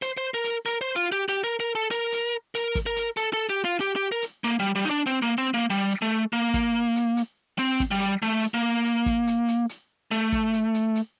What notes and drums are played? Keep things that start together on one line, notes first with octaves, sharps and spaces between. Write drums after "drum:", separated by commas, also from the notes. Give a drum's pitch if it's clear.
C5, drum: hi-hat
C5
A#4
drum: hi-hat
A#4, drum: hi-hat
C5
F4
G4
G4, drum: hi-hat
A#4
A#4
A4
A#4, drum: hi-hat
drum: hi-hat
A#4, drum: hi-hat
drum: kick, hi-hat
A#4
drum: hi-hat
A4, drum: hi-hat
A4
G4
F4
G4, drum: hi-hat
G4
A#4
drum: hi-hat
A#3, drum: hi-hat
G3
G3
D#4
D4
C4, drum: hi-hat
A#3
C4
A#3
G3, drum: hi-hat
drum: hi-hat
A3
A#3
drum: kick, hi-hat
drum: hi-hat
drum: hi-hat
C4, drum: hi-hat
drum: kick, hi-hat
G3
drum: hi-hat
A3, drum: hi-hat
drum: hi-hat
A#3
drum: hi-hat
drum: kick, hi-hat
drum: hi-hat
drum: hi-hat
drum: hi-hat
A3, drum: hi-hat
drum: kick, hi-hat
drum: hi-hat
drum: hi-hat
drum: hi-hat